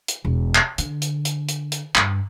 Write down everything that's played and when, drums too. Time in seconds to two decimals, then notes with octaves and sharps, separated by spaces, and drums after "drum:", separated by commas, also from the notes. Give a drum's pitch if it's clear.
0.08 drum: hi-hat
0.25 E1
0.55 drum: clap
0.78 D3, drum: hi-hat
1.02 drum: hi-hat
1.25 drum: hi-hat
1.49 drum: hi-hat
1.72 drum: hi-hat
1.95 G2, drum: clap